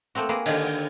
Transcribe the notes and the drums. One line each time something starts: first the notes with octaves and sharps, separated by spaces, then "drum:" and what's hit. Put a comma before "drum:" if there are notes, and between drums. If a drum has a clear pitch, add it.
A3 A#3 C4 F#4
A#3 F#4 G#4 B4
D3 D#3, drum: cymbal
G5